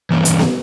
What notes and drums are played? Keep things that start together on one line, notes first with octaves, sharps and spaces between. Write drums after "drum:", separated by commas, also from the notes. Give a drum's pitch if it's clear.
G2 E3 A#3 C#4
drum: hi-hat
drum: snare B3